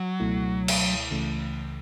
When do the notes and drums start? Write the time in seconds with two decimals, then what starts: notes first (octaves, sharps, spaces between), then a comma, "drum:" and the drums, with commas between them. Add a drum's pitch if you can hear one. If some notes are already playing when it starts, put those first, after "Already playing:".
Already playing: F#3
0.20 C#2 B2 A3 E4
0.68 drum: cymbal
1.11 C#2 C#3 E3 A3